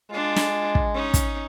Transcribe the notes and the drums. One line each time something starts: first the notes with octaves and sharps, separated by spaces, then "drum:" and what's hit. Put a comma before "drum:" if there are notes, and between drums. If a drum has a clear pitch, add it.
G#3 D4 F4
drum: snare
drum: kick
C#4 D#4
drum: kick, hi-hat